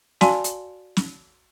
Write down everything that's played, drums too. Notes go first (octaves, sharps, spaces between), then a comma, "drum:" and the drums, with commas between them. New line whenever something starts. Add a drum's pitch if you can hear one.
F#4 D5 F5 G#5 A5 C6, drum: snare
drum: hi-hat
drum: snare